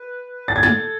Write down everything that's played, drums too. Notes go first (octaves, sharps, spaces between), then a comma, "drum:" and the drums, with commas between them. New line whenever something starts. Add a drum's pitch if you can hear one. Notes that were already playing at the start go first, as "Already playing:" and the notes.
Already playing: B4
A4 A6
G#6
A6, drum: snare